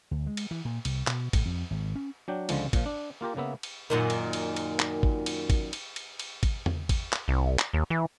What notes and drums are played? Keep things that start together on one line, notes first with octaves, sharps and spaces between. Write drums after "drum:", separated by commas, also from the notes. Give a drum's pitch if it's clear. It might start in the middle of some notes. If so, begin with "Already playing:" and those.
D2
G#3
drum: cymbal
E3
A#2
C2, drum: cymbal
B2, drum: clap
A2, drum: kick G#1, cymbal
F2
G#1
C#4
F#3 D4 G5
C#2 D3 F3 G#3, drum: cymbal
A#2 F3, drum: kick G#1, cymbal
D4
A#3 F4 G4 A#4
C#3 A#3 B3 E5
drum: cymbal
F#2 A#2 D#3
drum: cymbal
drum: cymbal
drum: cymbal
drum: clap
drum: kick G#1
drum: cymbal
drum: kick G#1, cymbal
drum: cymbal
drum: cymbal
drum: cymbal
drum: kick G#1, cymbal
drum: tom E2
drum: kick G#1, cymbal
drum: clap
C2
drum: clap
D#2
E3